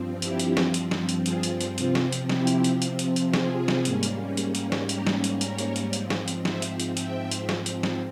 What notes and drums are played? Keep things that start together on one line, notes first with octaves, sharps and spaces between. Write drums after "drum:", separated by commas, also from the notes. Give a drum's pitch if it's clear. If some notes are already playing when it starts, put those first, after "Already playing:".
Already playing: G2 F3 C4
E4 G4, drum: hi-hat
drum: hi-hat
drum: snare
drum: hi-hat
drum: snare
drum: hi-hat
F4 G#4, drum: hi-hat
drum: hi-hat
drum: hi-hat
C3 F3 C4 F4, drum: hi-hat
drum: snare
drum: hi-hat
E4 G4, drum: snare
drum: hi-hat
drum: hi-hat
drum: hi-hat
drum: hi-hat
drum: hi-hat
F4 G#4, drum: snare
drum: snare
G#2 G3 A#3 C#4, drum: hi-hat
drum: hi-hat
drum: hi-hat
drum: hi-hat
drum: snare
G4 A#4, drum: hi-hat
drum: snare
drum: hi-hat
A#4 C#5, drum: hi-hat
drum: hi-hat
drum: hi-hat
G#2 F3 C4, drum: hi-hat
drum: snare
drum: hi-hat
C5 E5, drum: snare
drum: hi-hat
drum: hi-hat
E5 G5, drum: hi-hat
drum: hi-hat
drum: snare
drum: hi-hat
drum: snare